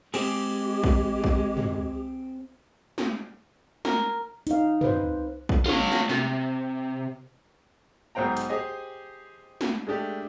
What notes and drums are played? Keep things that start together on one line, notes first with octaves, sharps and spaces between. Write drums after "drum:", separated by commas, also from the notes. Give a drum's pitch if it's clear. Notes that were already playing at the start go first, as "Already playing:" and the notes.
G#3 C4 G4 G#4, drum: cymbal
drum: kick
drum: kick
drum: tom
drum: snare
A#4, drum: snare
D#4 F5, drum: hi-hat
B4 C5, drum: tom
drum: kick
F4 C#5, drum: tom
drum: snare
C3, drum: snare
B1 G#2 C5 G5 A#5
drum: hi-hat
G4 G#4 C5 D#5
drum: snare
G#3 A3 D4 G4